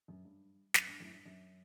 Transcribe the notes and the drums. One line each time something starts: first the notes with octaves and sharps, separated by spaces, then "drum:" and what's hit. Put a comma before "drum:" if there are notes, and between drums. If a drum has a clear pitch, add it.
F#2
G2
F#2, drum: snare
G2
F#2 A2
G2
F#2